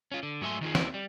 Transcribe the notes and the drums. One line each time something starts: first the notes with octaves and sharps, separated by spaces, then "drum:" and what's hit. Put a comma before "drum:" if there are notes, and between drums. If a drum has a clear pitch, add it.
C#4 F4
D3
G#2 F#3 A3 E5 G#5 C6
D#3 D#4 F4 G#4
D#2 E3 C4 E4, drum: snare
G3